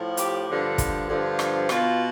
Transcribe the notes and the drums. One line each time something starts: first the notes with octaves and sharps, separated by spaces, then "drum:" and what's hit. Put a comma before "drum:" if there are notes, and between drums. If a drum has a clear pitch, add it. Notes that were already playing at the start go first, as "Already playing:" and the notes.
Already playing: A2 F3
G4, drum: hi-hat
G2 D3 F3 C5
drum: kick, hi-hat
G2 D3 F3
drum: rim click
B2 F4, drum: rim click